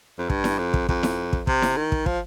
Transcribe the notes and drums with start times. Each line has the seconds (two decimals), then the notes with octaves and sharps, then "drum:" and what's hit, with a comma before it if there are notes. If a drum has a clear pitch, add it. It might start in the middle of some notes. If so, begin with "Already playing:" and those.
0.18 F2
0.30 G2, drum: kick
0.44 drum: snare E4
0.58 F2
0.74 drum: kick
0.89 F2, drum: kick
1.03 drum: snare E4
1.33 drum: kick
1.47 C3, drum: kick
1.62 drum: snare E4
1.77 D#3
1.92 drum: kick
2.06 F3, drum: kick